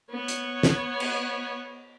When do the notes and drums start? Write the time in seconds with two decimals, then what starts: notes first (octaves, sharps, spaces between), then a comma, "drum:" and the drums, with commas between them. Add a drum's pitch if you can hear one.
0.11 B3 C#5
0.28 drum: hi-hat
0.63 drum: snare
1.00 drum: cymbal